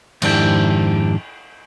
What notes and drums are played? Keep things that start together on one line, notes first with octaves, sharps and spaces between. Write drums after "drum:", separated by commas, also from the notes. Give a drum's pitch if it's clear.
F2 G#2 D#3 D4 E4 G4, drum: cymbal